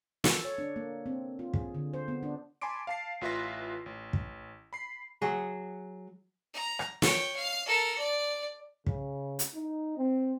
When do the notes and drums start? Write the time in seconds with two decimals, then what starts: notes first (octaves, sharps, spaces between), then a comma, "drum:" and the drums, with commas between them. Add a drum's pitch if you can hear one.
0.24 A4, drum: snare
0.44 C#5
0.58 D4
0.76 A#3
1.06 C4
1.39 F4
1.54 G#4, drum: kick
1.75 D3
1.93 C5
2.08 B3
2.23 D4
2.61 G#5 A5 B5 C6 D6 D7
2.87 F5 A5 C7
3.21 A1 F4 B4 E5 C6 A#6
3.86 A1
4.13 drum: kick
4.73 B5 C7
5.22 F#3 F#4 G#4
6.54 A#5
6.79 drum: rim click
7.02 C#5 G5, drum: snare
7.36 F5
7.66 A4 A#4
7.98 D5
8.86 C#3, drum: kick
9.39 drum: hi-hat
9.55 D#4
9.98 C4